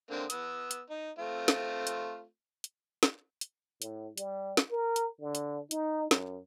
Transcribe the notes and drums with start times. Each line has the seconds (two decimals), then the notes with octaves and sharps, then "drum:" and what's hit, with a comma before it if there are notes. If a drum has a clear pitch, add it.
0.11 D3 A#3 C4
0.30 B3 E6, drum: hi-hat
0.71 drum: hi-hat
0.90 D#4
1.19 A3 C4 F4
1.48 drum: snare
1.87 drum: hi-hat
2.64 drum: hi-hat
3.03 drum: snare
3.41 drum: hi-hat
3.82 A2, drum: hi-hat
4.17 G3, drum: hi-hat
4.57 drum: snare
4.71 A#4
4.96 drum: hi-hat
5.21 D3
5.35 drum: hi-hat
5.71 D#4, drum: hi-hat
6.11 F#2, drum: snare